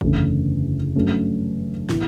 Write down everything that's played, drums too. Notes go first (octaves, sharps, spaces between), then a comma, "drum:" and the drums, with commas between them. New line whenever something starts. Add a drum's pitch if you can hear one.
F#1 E2 D3 A3 C#4, drum: kick
G2 F#3 A3 C#4
A2 E3 B3, drum: snare